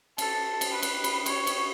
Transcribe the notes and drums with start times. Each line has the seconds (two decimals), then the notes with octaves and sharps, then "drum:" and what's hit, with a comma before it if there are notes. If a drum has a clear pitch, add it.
0.18 A4, drum: cymbal
0.61 drum: cymbal
0.72 B4
0.83 drum: cymbal
1.04 drum: cymbal
1.26 C#5, drum: cymbal
1.47 drum: cymbal